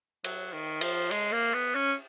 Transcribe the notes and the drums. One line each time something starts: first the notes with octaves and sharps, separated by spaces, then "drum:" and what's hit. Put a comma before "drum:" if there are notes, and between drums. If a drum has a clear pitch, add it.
F#3, drum: cymbal
D#3
F3, drum: cymbal
G#3, drum: cymbal
A#3
B3
C#4